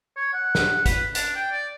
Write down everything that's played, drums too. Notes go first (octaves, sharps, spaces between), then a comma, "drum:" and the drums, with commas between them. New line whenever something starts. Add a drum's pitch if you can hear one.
C#5
F#5
drum: snare
B4, drum: kick, hi-hat
D4, drum: hi-hat
G5
D5